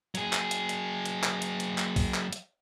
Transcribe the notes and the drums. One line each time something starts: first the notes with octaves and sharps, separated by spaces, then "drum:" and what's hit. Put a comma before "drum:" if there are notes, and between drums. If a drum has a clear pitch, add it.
F#3 G#4, drum: hi-hat
drum: clap
drum: hi-hat
drum: hi-hat
drum: hi-hat
drum: clap
drum: hi-hat
drum: hi-hat
drum: clap
drum: kick, open hi-hat
drum: clap
drum: hi-hat